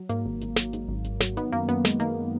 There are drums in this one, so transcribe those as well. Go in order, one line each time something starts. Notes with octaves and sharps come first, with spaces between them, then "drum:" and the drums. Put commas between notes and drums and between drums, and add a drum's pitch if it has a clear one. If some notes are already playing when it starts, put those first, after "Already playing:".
Already playing: F#3
G#2 A#3, drum: hi-hat
G#1
G#1, drum: hi-hat
F#3, drum: snare
G#2, drum: hi-hat
G#1
G#1, drum: hi-hat
F#3, drum: snare
D#3 B3, drum: hi-hat
F#2 A#3
F#2 B3, drum: hi-hat
G#3, drum: snare
D#3 A#3, drum: hi-hat